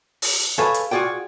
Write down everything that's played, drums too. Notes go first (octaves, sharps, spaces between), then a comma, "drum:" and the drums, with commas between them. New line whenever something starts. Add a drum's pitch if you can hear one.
drum: open hi-hat
G#4 A4 B4 C#5 F5 G#5
drum: hi-hat
F4 F#4 G#4 D5 G5